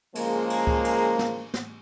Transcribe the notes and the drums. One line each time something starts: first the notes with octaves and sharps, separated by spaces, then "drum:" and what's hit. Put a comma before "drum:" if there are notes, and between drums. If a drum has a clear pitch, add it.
C#3 F3 G#3 A#3, drum: cymbal
drum: cymbal
drum: kick C#2
drum: cymbal
drum: snare
drum: snare